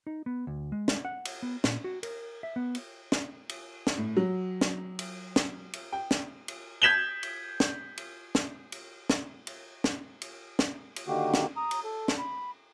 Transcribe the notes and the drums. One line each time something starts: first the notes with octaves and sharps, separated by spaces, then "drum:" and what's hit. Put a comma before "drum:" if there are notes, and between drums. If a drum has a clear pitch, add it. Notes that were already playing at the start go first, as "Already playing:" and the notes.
D#4
B3
D2
G#3
drum: snare
F#5
drum: cymbal
B3
A#2, drum: snare
F#4
A#4, drum: cymbal
E5
B3
drum: cymbal
drum: snare
drum: cymbal
drum: snare
A2
F#3
drum: snare
drum: cymbal
drum: snare
drum: cymbal
G5
drum: snare
drum: cymbal
G6 G#6 B6 E7 F#7 G7
drum: cymbal
drum: snare
drum: cymbal
drum: snare
drum: cymbal
drum: snare
drum: cymbal
drum: snare
drum: cymbal
drum: snare
drum: cymbal
D3 D#3 A#3 F#4 G4
drum: snare
A#5 D#6
drum: cymbal
A4
drum: snare
B5